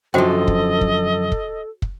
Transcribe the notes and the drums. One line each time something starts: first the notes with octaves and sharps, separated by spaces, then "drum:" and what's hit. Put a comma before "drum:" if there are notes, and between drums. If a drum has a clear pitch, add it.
F#2 D3 F3 F#4 A4 C5 D#5 G5
drum: kick
drum: kick
drum: kick
drum: kick